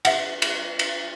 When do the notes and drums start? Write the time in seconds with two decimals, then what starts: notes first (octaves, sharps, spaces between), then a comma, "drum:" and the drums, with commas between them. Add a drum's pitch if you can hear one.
0.05 E5 F#5, drum: cymbal
0.42 drum: cymbal
0.79 drum: cymbal